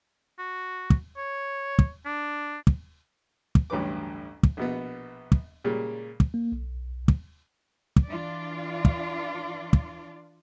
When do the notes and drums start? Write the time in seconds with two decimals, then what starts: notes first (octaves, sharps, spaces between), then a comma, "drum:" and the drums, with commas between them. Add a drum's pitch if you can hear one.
0.39 F#4
0.90 drum: kick
1.17 C#5
1.79 drum: kick
2.06 D4
2.67 drum: kick
3.55 drum: kick
3.70 A1 D2 G2 F#3 B4 D6
4.43 drum: kick
4.57 A#1 B2 B3
5.32 drum: kick
5.65 A#2 C#3 G3 G#3
6.20 drum: kick
6.34 A#3
6.52 B1
7.08 drum: kick
7.96 drum: kick
8.07 E3 D4 F4 D5
8.85 drum: kick
9.73 drum: kick